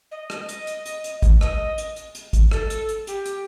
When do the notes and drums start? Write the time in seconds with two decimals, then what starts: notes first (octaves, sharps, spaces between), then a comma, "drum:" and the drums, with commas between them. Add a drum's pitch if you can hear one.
0.11 D#5
0.30 D#5, drum: rim click
0.49 drum: hi-hat
0.67 drum: hi-hat
0.86 drum: hi-hat
1.04 drum: hi-hat
1.22 drum: kick G#1, hi-hat
1.41 D#5, drum: rim click
1.78 drum: hi-hat
1.96 drum: hi-hat
2.15 drum: hi-hat
2.33 drum: kick G#1, hi-hat
2.51 A4, drum: rim click
2.70 drum: hi-hat
2.89 drum: hi-hat
3.07 G4, drum: hi-hat
3.25 drum: hi-hat